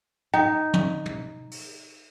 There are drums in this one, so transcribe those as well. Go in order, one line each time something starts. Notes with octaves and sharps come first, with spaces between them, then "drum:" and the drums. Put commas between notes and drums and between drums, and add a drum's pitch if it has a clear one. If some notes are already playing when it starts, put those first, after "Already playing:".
D#4 G5
drum: tom
drum: tom
drum: open hi-hat